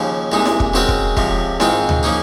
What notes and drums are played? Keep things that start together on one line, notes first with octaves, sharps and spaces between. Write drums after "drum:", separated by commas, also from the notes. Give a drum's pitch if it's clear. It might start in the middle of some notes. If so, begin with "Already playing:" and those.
Already playing: D#2 C#3 F3
C2 A#2 G#3 D#4
drum: snare E4
drum: kick
C#3 G#3 C4 F#4 A#4
drum: kick
C#2 C3 F3, drum: kick
G#2 D#3 G#3 C4 F4, drum: snare E4
drum: tom D2
C#3 F3 A#3 D#4